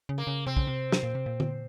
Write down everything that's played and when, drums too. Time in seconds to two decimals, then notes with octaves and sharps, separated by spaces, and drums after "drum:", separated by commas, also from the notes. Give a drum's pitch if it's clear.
0.09 C#3
0.18 A#3
0.27 C#3
0.47 C3 C4
0.57 C#3, drum: kick
0.67 C3
0.92 drum: snare
1.03 A#2
1.15 C3
1.26 A#2
1.40 drum: tom D3